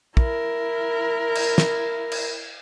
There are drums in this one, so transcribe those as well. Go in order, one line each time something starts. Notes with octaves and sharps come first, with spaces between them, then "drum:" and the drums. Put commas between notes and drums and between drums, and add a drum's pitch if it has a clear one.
E4 A#4, drum: kick
drum: cymbal
drum: snare
drum: cymbal